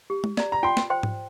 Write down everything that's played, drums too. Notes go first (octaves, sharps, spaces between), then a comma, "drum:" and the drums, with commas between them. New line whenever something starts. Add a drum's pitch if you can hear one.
G4
drum: tom G#3
D5 A#5, drum: snare
A#5
F4 G5 C6
drum: snare
C5 G5 C6
drum: tom G#2